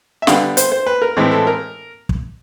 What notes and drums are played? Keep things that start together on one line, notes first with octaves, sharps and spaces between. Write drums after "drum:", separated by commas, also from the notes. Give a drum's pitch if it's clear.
E5
D3 G3 B3 F5, drum: snare
C5, drum: hi-hat
C5
B4
A#4
A2 E3 G#3 C4
A4
A#4
drum: kick